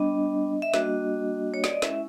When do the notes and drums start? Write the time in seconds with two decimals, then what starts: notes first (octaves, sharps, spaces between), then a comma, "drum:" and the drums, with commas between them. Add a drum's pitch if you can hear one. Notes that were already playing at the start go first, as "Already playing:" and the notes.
Already playing: G3 B3 D4 D#5
0.62 E5
0.74 G3 A#3 D4 F#4 D#5, drum: snare
1.54 C#5
1.64 D5, drum: snare
1.73 D#5
1.82 G#3 C#4 E4 E5, drum: snare